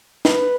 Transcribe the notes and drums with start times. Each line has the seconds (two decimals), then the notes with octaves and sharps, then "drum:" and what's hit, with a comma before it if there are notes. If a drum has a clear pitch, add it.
0.25 B4, drum: snare